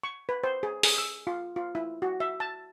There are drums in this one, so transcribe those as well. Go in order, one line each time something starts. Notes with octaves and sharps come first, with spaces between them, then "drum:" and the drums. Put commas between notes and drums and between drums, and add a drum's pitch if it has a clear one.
C#6
B4
C5
G#4
G#4, drum: open hi-hat
E6
F4
F4
E4
F#4
E5
A5